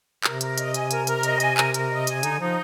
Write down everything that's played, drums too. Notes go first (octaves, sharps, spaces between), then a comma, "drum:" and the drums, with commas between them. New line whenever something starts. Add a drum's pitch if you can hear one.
C3 A#4, drum: clap
A#4, drum: hi-hat
D#5, drum: hi-hat
G#5, drum: hi-hat
A#4, drum: hi-hat
A#4, drum: hi-hat
D#5, drum: hi-hat
G#5, drum: hi-hat
A#4, drum: clap
A#4, drum: hi-hat
D#5
G#5, drum: hi-hat
D3 D#4, drum: hi-hat
F3 D#4